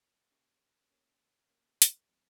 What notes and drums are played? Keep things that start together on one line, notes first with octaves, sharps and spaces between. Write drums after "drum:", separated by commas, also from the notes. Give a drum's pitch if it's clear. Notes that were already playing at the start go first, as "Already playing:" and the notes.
Already playing: A#3 C#4 G4 A#4 C#5
A#3 C#4 G4 A#4 C#5
A#3 C#4 G4 A#4 C#5
A#3 C#4 G4 A#4 C#5
drum: hi-hat
F3 G#3 C4